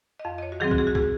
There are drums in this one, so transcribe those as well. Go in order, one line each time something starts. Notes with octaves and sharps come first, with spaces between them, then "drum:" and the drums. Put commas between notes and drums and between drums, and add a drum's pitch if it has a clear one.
D#5
F2 F5
D#5
C#5
F#4
D#3 F#3 C4 G#4
F#4, drum: kick
G#4
F#4
G#4, drum: kick